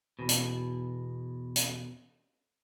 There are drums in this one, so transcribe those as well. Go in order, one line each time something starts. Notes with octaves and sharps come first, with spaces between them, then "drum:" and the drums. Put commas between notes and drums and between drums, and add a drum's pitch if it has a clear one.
E2 B2
drum: hi-hat
drum: hi-hat